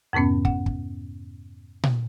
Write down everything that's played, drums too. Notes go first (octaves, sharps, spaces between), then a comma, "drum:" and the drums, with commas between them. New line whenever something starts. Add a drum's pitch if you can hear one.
F2 G#2 C3 B3 C#4
F#5, drum: kick
drum: kick
drum: tom A#2